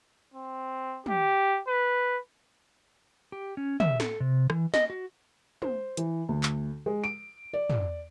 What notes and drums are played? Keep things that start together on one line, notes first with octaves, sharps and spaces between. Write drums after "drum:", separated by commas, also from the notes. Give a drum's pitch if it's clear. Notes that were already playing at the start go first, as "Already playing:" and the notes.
C4
G4, drum: tom
B4
G4
C#4
E5, drum: tom
A4, drum: snare
C3
E3, drum: rim click
D#5, drum: snare
F#4
C5, drum: tom
E3, drum: hi-hat
D2
drum: clap
G#3
D7
D5
drum: tom